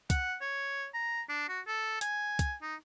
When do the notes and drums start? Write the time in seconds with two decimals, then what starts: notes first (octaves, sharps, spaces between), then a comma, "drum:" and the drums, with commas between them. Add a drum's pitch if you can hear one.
0.10 F#5, drum: kick, hi-hat
0.41 C#5
0.94 A#5
1.29 D4
1.48 F#4
1.67 A4
2.01 G#5, drum: hi-hat
2.39 drum: kick, hi-hat
2.62 D#4